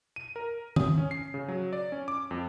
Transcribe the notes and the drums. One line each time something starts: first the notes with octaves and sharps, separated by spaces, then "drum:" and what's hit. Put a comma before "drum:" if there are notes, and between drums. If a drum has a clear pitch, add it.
D#7
A#4
D#6, drum: tom
C#4
C7
C#3
F#3
D5
C#4
D6
F2